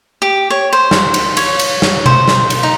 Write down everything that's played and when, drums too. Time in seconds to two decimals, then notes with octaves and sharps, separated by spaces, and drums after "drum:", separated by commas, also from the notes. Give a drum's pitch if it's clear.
0.22 G4
0.50 C#5
0.73 C5
0.91 drum: snare
1.14 drum: cymbal
1.37 C#5, drum: cymbal
1.59 drum: cymbal
1.82 drum: snare
2.06 C5, drum: tom B2
2.28 drum: snare
2.50 drum: cymbal
2.63 D#4